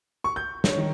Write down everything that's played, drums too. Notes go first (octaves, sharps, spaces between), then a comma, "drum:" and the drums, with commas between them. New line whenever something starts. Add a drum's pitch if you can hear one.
C#6
G6
C#5, drum: snare
D#3